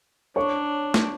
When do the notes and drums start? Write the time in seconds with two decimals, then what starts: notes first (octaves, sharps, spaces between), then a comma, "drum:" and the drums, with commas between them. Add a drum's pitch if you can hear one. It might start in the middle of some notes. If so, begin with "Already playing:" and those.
0.36 D4 C#5 C#6
0.94 drum: snare